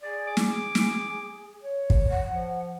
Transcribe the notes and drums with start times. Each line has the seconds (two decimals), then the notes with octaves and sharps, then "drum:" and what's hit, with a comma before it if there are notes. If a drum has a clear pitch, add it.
0.02 G#4 D5
0.27 D6
0.37 drum: snare
0.75 drum: snare
1.62 C#5
1.90 drum: kick
2.09 F#5
2.28 F3